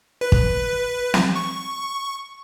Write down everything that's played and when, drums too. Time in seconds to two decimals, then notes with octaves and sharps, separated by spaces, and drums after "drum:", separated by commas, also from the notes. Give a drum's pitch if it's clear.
0.21 B4
0.32 drum: kick
1.14 drum: snare
1.36 C#6